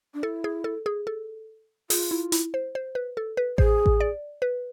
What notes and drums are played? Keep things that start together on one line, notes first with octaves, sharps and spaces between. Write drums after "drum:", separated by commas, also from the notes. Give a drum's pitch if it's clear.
D4
E4 A4
G#4
A4
G#4
A4
F4 G#4, drum: open hi-hat
E4
E4, drum: hi-hat
C5
C5
B4
A4
B4
G#4 C5, drum: kick A1
drum: kick A1
D5
B4